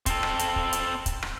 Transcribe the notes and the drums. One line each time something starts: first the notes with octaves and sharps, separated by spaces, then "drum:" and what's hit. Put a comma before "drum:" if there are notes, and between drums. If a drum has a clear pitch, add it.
C4 A4, drum: kick, hi-hat
drum: rim click
drum: hi-hat
drum: kick
drum: hi-hat
drum: kick, hi-hat
drum: rim click